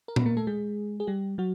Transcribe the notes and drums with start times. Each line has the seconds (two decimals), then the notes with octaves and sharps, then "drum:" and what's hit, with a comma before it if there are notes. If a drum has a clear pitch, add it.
0.08 A#4
0.16 B3 B4, drum: tom A#2
0.26 A#3 A#4
0.37 A3 A4
0.47 G#3 G#4
1.00 G#4
1.07 G3 G4
1.38 F#3 F#4